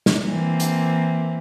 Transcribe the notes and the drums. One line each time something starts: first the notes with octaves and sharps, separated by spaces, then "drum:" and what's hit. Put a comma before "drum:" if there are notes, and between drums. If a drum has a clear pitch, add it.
drum: snare
E3 A#3 C4
drum: hi-hat